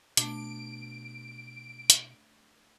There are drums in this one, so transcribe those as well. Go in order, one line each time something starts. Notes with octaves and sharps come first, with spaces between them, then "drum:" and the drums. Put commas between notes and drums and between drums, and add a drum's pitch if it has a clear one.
B2 A3 D4 D7, drum: hi-hat
drum: hi-hat